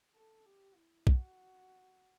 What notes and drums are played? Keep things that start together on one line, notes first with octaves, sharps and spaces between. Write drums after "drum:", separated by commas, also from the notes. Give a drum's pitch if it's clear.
A4
G4
E4
F#4, drum: kick B1